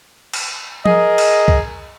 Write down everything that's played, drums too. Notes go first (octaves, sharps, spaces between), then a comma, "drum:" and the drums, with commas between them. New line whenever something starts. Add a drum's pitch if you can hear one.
drum: cymbal
G#4 A#4 D#5, drum: tom F3
drum: cymbal
drum: kick C2